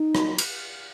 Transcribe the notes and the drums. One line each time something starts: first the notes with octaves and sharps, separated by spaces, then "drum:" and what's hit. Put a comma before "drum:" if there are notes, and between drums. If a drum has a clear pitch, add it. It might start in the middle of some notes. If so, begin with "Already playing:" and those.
Already playing: D#4
A#2 F#3, drum: rim click
drum: cymbal